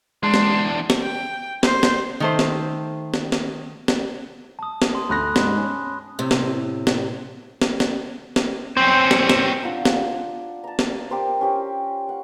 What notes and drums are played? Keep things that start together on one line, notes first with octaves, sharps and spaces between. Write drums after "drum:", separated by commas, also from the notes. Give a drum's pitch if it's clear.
E2 G#3 D4 C6
drum: snare
drum: snare
G5
C5, drum: snare
drum: snare
D#3 A3 C5
drum: snare
drum: snare
drum: snare
drum: snare
A5 D#6
drum: snare
C6 D#6
D2 B5 C6 F#6 A#6
G#2, drum: snare
C#4
A2 C3
drum: snare
drum: snare
drum: snare
drum: snare
drum: snare
C4 C#4 C5
drum: snare
drum: snare
D4 F4 F#5 A#5
drum: snare
A5 A#5
drum: snare
G4 A#4 C5
C#4 G4 C5
F#5